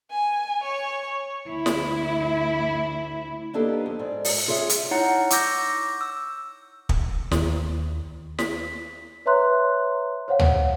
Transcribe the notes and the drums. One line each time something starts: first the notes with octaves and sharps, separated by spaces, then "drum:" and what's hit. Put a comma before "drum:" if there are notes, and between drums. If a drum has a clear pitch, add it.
G#5
C#5
D2 E4
drum: snare
A#3 B3 D4 D#4 G4 A4
F2
G#2 D5
drum: open hi-hat
F4 G#4 C#5 E5
drum: hi-hat
D#4 E4 C#5 F#5 A#5 C#7
C#6 D6 E6 G6 A#6, drum: hi-hat
E6
drum: kick
D#2, drum: snare
B6, drum: snare
B4 C#5 E5 A#5 C6 F#6
C5 C#5 F5 F#5
drum: tom